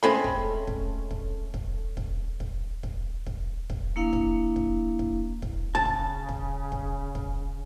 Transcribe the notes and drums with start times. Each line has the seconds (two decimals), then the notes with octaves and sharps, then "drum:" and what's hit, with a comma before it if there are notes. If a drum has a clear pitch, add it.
0.03 G#3 A3 C4 C#4 B5
0.24 drum: kick
0.67 drum: kick
1.11 drum: kick
1.54 drum: kick
1.97 drum: kick
2.40 drum: kick
2.83 drum: kick
3.26 drum: kick
3.70 drum: kick
3.96 A#3 D4 E4 F5
4.13 drum: kick
4.56 drum: kick
4.99 drum: kick
5.42 drum: kick
5.75 C#3 A5
5.85 drum: kick
6.29 drum: kick
6.72 drum: kick
7.15 drum: kick